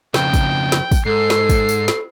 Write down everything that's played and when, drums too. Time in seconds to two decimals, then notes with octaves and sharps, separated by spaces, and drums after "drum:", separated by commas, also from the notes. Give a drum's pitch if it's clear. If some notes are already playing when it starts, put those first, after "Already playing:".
0.14 F2 C#3 G5, drum: snare
0.34 drum: kick, tambourine
0.72 drum: snare
0.92 drum: kick, tambourine
1.06 G#2 A4 C7
1.30 drum: snare
1.49 drum: kick, tambourine
1.69 drum: tambourine
1.88 drum: snare